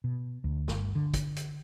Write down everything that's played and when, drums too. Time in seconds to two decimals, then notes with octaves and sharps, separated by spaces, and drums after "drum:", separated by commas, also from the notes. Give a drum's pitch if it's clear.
0.04 B2
0.44 D2
0.68 G1, drum: snare
0.95 D3
1.14 drum: kick, hi-hat
1.36 drum: hi-hat